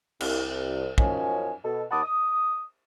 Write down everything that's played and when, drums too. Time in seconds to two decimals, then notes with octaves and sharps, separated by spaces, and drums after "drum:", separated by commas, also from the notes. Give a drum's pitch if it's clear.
0.21 C2, drum: cymbal
0.98 F#2 F3 C#4 D#4 G#5, drum: kick
1.64 B2 A4
1.91 D#2 F#5 A5 B5 D6 D#6
2.03 D#6